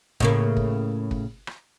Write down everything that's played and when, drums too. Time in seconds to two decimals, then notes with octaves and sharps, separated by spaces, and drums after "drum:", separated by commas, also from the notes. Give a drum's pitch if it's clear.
0.20 A2 C#3 A#3, drum: kick
0.57 drum: kick
1.11 drum: kick
1.47 drum: rim click